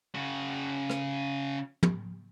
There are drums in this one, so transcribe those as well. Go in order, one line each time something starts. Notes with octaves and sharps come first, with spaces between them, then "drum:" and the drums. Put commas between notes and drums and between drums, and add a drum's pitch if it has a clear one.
C#3 F#4
drum: rim click
drum: tom